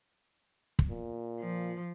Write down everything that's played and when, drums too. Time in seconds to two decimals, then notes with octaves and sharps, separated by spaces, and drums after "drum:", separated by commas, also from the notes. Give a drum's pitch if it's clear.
0.79 drum: kick
0.90 A#2
1.40 F3